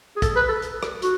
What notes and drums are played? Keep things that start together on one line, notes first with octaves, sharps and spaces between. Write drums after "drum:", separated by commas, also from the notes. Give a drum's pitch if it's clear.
G#4
A4, drum: kick, hi-hat
B4
A4
drum: hi-hat
drum: rim click
F#4, drum: hi-hat